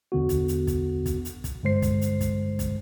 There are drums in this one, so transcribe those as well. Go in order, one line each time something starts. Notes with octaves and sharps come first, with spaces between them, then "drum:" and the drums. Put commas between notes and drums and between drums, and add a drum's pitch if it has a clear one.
E2 D3 B3 F#4
drum: kick, hi-hat
drum: hi-hat
drum: kick, hi-hat
drum: kick, hi-hat
drum: hi-hat
drum: kick, hi-hat
G2 D3 G#3 C5 C7
drum: kick, hi-hat
drum: hi-hat
drum: kick, hi-hat
drum: kick, hi-hat